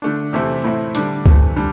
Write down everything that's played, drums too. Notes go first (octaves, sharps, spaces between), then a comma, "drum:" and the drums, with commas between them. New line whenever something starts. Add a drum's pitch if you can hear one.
D3 A3 D4
E2 C3 A3 C4 E4
A2 A3 C4 E4
D3 G3 D4, drum: hi-hat
E2 C3 E3 A3, drum: kick C#2
D3 G3 D4